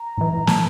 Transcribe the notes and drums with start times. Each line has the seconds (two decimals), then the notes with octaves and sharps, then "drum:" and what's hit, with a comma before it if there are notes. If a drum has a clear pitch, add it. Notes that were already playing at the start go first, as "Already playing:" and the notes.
Already playing: A#5
0.17 A2 E3
0.47 A#2 A5, drum: snare